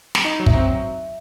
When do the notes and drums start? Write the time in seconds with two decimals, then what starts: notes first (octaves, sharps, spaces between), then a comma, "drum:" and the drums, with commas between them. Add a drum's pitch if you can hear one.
0.15 drum: snare
0.25 D#4 D#5
0.40 F#3
0.46 E5, drum: kick
0.54 C4